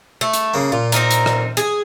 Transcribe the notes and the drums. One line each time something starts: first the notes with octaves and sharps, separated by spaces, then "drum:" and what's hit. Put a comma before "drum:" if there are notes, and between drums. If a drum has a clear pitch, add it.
A3
drum: hi-hat
C#3 A#3
A#2 F4
C4 D#4 A#4, drum: hi-hat
drum: hi-hat
drum: rim click
G#4, drum: hi-hat